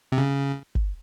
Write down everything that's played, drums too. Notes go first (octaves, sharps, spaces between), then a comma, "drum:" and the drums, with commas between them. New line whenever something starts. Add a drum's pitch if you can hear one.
C3
C#3
drum: kick